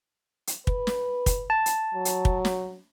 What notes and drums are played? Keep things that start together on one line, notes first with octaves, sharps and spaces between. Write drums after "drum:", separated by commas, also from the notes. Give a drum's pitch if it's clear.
drum: hi-hat
B4, drum: kick
drum: snare
drum: kick, hi-hat
A5
drum: hi-hat
F#3
drum: hi-hat
drum: kick
drum: snare